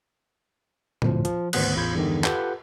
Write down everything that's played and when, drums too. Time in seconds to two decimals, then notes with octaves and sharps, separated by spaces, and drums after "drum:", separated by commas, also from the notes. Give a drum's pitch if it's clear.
1.02 G1 D2 A2 F3, drum: tom A#2
1.25 F3, drum: hi-hat
1.53 G#1 D2 B3 C5 F#6, drum: cymbal
1.75 A1 E2 F4 B5 G6 G#6
1.95 E2 G2 D3 D#3
2.24 F4 G4 A4 B4 F#5 G6, drum: clap